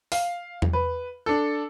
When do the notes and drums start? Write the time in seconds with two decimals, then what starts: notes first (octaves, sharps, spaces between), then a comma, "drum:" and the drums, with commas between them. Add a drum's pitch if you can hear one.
0.12 F5, drum: open hi-hat
0.62 drum: tom E2
0.73 B4
1.26 D4 A4